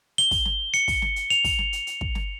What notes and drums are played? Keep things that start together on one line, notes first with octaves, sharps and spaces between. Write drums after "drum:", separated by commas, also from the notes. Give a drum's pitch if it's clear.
G7, drum: hi-hat
drum: kick, open hi-hat
drum: snare
C#7, drum: hi-hat
drum: kick, open hi-hat
drum: snare
drum: hi-hat
F7, drum: hi-hat
drum: kick, open hi-hat
drum: snare
drum: hi-hat
drum: hi-hat
drum: kick
drum: snare